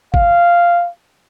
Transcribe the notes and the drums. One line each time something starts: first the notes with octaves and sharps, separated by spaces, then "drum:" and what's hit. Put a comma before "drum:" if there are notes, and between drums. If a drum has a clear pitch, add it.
F5, drum: kick G#1